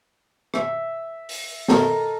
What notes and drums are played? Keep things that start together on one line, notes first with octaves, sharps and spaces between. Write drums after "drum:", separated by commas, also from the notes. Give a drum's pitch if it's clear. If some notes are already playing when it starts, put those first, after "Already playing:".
E5, drum: rim click
drum: open hi-hat
A4 A#4 D#5, drum: snare